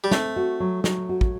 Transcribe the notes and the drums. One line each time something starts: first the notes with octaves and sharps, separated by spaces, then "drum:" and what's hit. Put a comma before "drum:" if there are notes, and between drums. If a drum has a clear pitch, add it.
G3
A3 C4, drum: snare
F#4
F#3
F#3, drum: snare
F#4
drum: kick